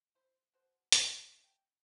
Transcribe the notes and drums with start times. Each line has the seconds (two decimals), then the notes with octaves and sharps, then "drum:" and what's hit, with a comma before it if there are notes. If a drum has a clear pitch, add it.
0.15 E4 C5
0.54 B2 C5
0.92 B2 E5, drum: hi-hat
1.19 A5
1.31 A3
1.44 G5